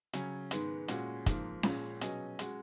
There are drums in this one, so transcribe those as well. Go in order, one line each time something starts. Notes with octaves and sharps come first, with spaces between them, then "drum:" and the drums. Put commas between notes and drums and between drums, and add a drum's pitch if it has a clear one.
C#3 F#3 C#4, drum: hi-hat
G#2 D#3 G#3 B3, drum: hi-hat
A#2 G#3 C#4 F#4, drum: hi-hat
G#2 F3 A#3, drum: kick, hi-hat
A#2 G#3 C#4, drum: snare C#4
B2 F#3 C#4 G#4 D#5, drum: hi-hat
G#3 C#4 F#4, drum: hi-hat